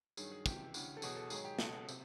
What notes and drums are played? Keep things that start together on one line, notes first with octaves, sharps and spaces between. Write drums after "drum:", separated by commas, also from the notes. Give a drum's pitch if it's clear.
G2 D#3 F#3 G#4, drum: tambourine
G#4
C#2 C3 E3 G4, drum: kick, tambourine
D2 C#3 E3, drum: tambourine
A4
E2 B2 F#3 G#4, drum: tambourine
A4
G#2 D#3 F#3 G#4, drum: tambourine
G4
C#2 B2 F#3 A4, drum: snare
C3, drum: tambourine